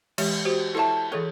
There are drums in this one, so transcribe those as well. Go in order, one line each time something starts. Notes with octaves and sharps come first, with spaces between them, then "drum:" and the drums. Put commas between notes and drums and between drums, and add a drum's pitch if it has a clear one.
E3 G#3 G4, drum: cymbal
F#4 G4 C5
E4 A4 C#5 E5 A5
E3 G#4 A4 C#5